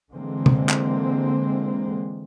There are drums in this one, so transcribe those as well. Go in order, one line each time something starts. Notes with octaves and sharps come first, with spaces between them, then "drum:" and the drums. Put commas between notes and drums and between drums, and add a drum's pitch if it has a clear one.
D3 E3 G#3 A#3 C4
drum: tom C3
drum: clap